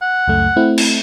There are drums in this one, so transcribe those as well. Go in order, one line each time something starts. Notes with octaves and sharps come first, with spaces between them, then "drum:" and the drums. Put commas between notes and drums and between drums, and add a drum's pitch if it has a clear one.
F#5
C#2 F#2 A3
A3 C4 E4
drum: cymbal